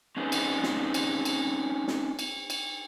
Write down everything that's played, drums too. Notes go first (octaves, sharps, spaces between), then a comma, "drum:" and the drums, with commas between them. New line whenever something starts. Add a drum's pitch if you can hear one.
C4 C#4 D#4 G#4 B4
drum: cymbal
drum: snare
drum: cymbal
drum: cymbal
drum: snare
drum: cymbal
drum: cymbal